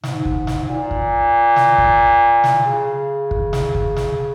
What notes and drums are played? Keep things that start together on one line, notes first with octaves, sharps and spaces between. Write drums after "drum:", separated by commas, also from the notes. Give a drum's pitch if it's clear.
G#2, drum: snare
drum: kick
drum: snare
G#2
A#2
drum: kick
drum: snare
drum: kick
drum: snare
C#3
drum: kick
drum: snare
drum: kick
drum: snare